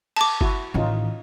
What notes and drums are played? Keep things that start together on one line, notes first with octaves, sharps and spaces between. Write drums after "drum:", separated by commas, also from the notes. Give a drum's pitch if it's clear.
A5 D6, drum: cymbal
E4 F#4, drum: kick G1
A1 D#3 C#4 D#4 F4